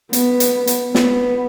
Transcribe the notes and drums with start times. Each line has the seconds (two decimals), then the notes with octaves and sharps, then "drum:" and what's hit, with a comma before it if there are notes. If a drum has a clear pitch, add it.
0.13 B3, drum: hi-hat
0.40 drum: hi-hat
0.67 drum: hi-hat
0.95 B3, drum: snare